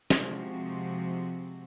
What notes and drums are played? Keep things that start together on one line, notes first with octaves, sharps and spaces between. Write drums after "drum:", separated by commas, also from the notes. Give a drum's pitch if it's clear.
C3 F3 G#3 C4 F#4, drum: snare